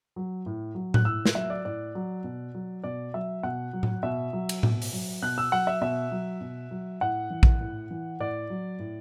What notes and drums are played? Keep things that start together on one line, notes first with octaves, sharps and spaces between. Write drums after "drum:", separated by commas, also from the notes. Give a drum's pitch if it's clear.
F#3
A2
F#3
F#6, drum: tom A2
A2 E6
drum: snare
F#3 E5
D5
A2 D5
F#3
B2
F#3
B2 D5
F#3 E5
B2 F#5
F#3
drum: tom A2
B2 E5
F#3
drum: cymbal
B2, drum: tom A2
drum: open hi-hat
F#3
B2 F#6
E6
F#3 F#5
E5
B2 E5
F#3
B2
F#3
A2 F#5
E3
drum: kick A#1
A2
E3
A2 D5
F#3
A2